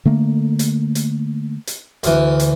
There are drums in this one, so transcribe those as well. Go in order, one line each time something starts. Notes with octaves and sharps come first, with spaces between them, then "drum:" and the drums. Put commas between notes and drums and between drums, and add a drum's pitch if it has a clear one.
D3 A3 A#3
drum: hi-hat
drum: hi-hat
drum: hi-hat
D2 E3, drum: hi-hat
drum: hi-hat